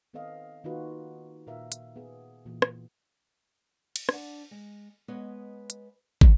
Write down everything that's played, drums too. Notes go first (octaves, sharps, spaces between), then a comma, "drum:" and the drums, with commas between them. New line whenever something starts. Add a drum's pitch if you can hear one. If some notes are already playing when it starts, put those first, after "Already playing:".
D#3 B3 C4 A4 D#5 F5
D#3 A#3 D#4 F4 F#4 B4
A#2 A#4 E5 F5
drum: hi-hat
B3 G#4
A#2 E3
drum: rim click
drum: cymbal
D4 C5 F#5, drum: rim click
G#3
G#3 B3 B4 C#5 D#5
drum: hi-hat
E2 A2 D#3 F3 C4 D#4, drum: kick